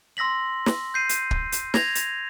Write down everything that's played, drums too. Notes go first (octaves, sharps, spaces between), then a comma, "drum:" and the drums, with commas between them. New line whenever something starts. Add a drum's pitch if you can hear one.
C6 E6 A#6 B6 F#7
drum: snare
G6 C7 D#7
drum: hi-hat
drum: kick
drum: hi-hat
G#6 A#6 F7, drum: snare
drum: hi-hat